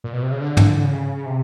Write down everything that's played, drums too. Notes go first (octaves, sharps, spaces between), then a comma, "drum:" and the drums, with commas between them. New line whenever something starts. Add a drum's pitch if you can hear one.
A#2
B2
C3
C#3
D3
drum: tom
C#3
C3